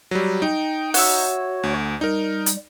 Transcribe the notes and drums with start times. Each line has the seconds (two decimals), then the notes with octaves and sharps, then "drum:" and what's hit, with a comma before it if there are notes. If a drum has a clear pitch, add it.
0.11 F#3 G3
0.42 D#4 G5
0.94 F#4 C#5 E5 F#5, drum: open hi-hat
1.63 D2
2.01 G3 D#4 A#4
2.46 drum: hi-hat